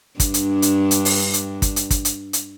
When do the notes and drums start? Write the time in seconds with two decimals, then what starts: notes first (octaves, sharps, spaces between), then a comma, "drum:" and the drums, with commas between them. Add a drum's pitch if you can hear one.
0.20 G2 D4, drum: kick, hi-hat
0.34 drum: hi-hat
0.62 drum: hi-hat
0.91 drum: hi-hat
1.05 drum: open hi-hat
1.34 drum: hi-hat
1.62 drum: kick, hi-hat
1.76 drum: hi-hat
1.90 drum: kick, hi-hat
2.05 drum: hi-hat
2.33 drum: hi-hat